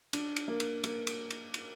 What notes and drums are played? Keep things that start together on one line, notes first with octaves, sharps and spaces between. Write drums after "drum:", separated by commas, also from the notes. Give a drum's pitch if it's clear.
D4, drum: cymbal
drum: cymbal
A#3
drum: cymbal
A#3, drum: cymbal
drum: cymbal
drum: cymbal
drum: cymbal